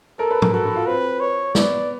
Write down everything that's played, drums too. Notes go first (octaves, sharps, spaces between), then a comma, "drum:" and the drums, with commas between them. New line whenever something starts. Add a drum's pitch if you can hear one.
A4 A#4
B4
A#4, drum: tom G#2
F#4 A4
F#4
F4
C4 B4
C#5
B3 D5, drum: snare